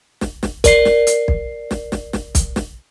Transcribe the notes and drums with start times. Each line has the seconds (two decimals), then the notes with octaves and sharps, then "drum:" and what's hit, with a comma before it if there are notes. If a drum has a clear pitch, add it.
0.21 drum: snare
0.43 drum: snare
0.64 A#4 D5 C7, drum: kick B1, hi-hat
0.85 drum: snare
1.07 drum: hi-hat
1.28 drum: kick B1
1.71 drum: snare
1.92 drum: snare
2.13 drum: snare
2.35 drum: kick B1, hi-hat
2.56 drum: snare